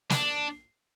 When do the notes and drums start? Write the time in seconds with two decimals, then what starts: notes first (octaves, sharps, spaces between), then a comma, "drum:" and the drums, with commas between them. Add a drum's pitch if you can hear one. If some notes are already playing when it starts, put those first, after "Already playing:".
0.10 D4, drum: snare